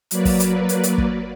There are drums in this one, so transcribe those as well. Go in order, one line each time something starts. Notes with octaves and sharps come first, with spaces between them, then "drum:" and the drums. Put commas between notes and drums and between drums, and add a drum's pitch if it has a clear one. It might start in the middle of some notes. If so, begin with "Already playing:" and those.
F#3 A#3 B4 D5, drum: hi-hat
drum: kick, open hi-hat
drum: hi-hat
drum: hi-hat
drum: hi-hat
drum: kick